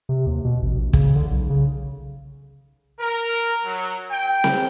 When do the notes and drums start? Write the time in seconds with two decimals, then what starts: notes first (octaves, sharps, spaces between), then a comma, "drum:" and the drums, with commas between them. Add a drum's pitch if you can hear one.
0.09 C3
0.26 D#2
0.45 B2
0.62 A1
0.76 A#1
0.93 C#3, drum: kick
1.16 D3
1.31 B1
1.50 C#3
3.00 A#4
3.65 F#3
4.10 G5
4.44 drum: snare C4